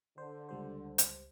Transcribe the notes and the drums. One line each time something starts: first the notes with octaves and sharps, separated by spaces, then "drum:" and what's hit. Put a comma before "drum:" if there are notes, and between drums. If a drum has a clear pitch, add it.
D3 C5
C#2 G3 C5
drum: hi-hat